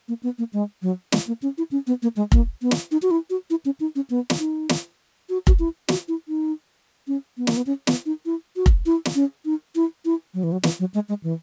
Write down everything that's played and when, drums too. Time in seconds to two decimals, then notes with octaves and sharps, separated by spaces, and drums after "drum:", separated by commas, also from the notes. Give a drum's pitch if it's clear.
0.08 A#3
0.23 B3
0.38 A#3
0.53 G#3
0.82 F#3
1.12 G#3, drum: snare
1.27 A#3
1.42 C#4
1.58 E4
1.71 C#4
1.87 B3
2.02 A#3
2.16 G#3
2.32 A#3, drum: kick F1
2.62 B3
2.71 drum: snare
2.91 D#4
3.02 F#4
3.11 E4
3.30 F#4
3.50 E4
3.65 C#4
3.80 D#4
3.96 C#4
4.10 B3
4.30 drum: snare
4.39 D#4
4.69 drum: snare
5.29 F#4
5.47 F#4, drum: kick F1
5.59 E4
5.88 F#4, drum: snare
6.08 E4
6.28 D#4
7.08 C#4
7.38 B3
7.47 A#3, drum: snare
7.57 B3
7.67 C#4
7.87 B3, drum: snare
8.06 D#4
8.26 E4
8.56 F#4
8.66 drum: kick F1
8.86 E4
9.05 drum: snare
9.15 C#4
9.45 D#4
9.75 E4
10.05 E4
10.34 F#3
10.44 E3
10.52 F#3
10.63 E3, drum: snare
10.79 F#3
10.94 G#3
11.09 G#3
11.23 E3